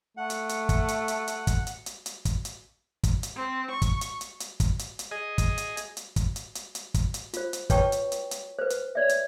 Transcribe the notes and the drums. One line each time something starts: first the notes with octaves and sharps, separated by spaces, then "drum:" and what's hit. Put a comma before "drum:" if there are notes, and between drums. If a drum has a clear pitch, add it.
A3 F#5
drum: hi-hat
drum: hi-hat
drum: kick, hi-hat
drum: hi-hat
drum: hi-hat
drum: hi-hat
drum: kick, hi-hat
drum: hi-hat
drum: hi-hat
drum: hi-hat
drum: kick, hi-hat
drum: hi-hat
drum: kick, hi-hat
drum: hi-hat
C4
C#6
drum: kick, hi-hat
drum: hi-hat
drum: hi-hat
drum: hi-hat
drum: kick, hi-hat
drum: hi-hat
drum: hi-hat
G#4 D#5
drum: kick, hi-hat
drum: hi-hat
drum: hi-hat
drum: hi-hat
drum: kick, hi-hat
drum: hi-hat
drum: hi-hat
drum: hi-hat
drum: kick, hi-hat
drum: hi-hat
F4 C5, drum: hi-hat
drum: hi-hat
B4 C#5 G5 A5 C#6, drum: kick, hi-hat
drum: hi-hat
drum: hi-hat
drum: hi-hat
B4 C5
drum: hi-hat
C#5 D5 E5
drum: hi-hat